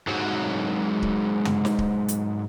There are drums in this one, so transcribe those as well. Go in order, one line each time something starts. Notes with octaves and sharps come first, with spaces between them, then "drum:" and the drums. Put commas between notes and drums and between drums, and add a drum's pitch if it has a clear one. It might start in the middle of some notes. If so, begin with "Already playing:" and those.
G#2 F#3
drum: kick D1
drum: tom
drum: snare
drum: kick D1
drum: hi-hat